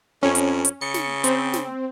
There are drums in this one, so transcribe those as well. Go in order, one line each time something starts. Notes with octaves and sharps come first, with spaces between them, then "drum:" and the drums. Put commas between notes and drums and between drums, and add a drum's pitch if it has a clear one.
F2 C#4
drum: hi-hat
drum: hi-hat
C#3 C#7
drum: snare
C4, drum: hi-hat
drum: snare